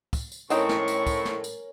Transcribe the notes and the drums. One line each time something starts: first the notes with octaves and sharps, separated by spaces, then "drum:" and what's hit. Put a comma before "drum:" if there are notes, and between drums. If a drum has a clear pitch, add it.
drum: kick, tambourine
drum: tambourine
A2 C4 C#4 D#4 A#4 G5 C#6, drum: tambourine
drum: snare
drum: tambourine
drum: kick, tambourine
drum: snare
drum: tambourine